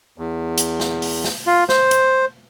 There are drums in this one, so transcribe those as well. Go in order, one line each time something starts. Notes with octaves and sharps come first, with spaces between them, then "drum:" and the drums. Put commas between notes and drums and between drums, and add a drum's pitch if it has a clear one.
E2
drum: hi-hat
drum: snare
drum: open hi-hat
drum: snare
F4
C5, drum: snare
drum: hi-hat